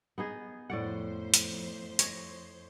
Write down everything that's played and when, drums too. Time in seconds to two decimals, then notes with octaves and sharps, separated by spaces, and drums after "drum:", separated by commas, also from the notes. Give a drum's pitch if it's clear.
0.18 B3 D#4 G#4
0.70 F2 A2 C5 D5 F#5
1.34 drum: hi-hat
1.99 C#5 D#5, drum: hi-hat